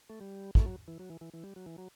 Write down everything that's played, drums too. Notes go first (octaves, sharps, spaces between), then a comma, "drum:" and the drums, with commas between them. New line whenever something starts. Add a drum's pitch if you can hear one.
A3
G3
A3, drum: kick
F#3
E3
F#3
E3
E3
E3
G3
F#3
E3
F#3